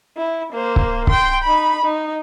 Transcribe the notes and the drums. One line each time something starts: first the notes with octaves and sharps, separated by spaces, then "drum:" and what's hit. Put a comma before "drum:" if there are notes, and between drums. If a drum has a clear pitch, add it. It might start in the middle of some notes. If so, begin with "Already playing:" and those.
E4
A#3 C5
drum: kick C#1
G5 C6, drum: kick C#1
D#4 B5
D#4